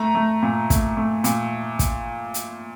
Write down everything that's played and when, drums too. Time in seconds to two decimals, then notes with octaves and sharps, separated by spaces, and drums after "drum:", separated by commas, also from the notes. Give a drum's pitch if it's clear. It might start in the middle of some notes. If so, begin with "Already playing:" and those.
Already playing: A3 A#5
0.15 A3
0.43 A#2
0.70 A3, drum: kick, hi-hat
0.97 A3
1.24 A#2, drum: hi-hat
1.79 drum: kick, hi-hat
2.34 drum: hi-hat